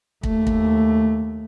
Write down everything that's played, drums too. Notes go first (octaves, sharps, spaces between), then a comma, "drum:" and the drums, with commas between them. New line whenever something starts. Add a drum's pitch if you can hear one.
D#2 A3, drum: kick
drum: kick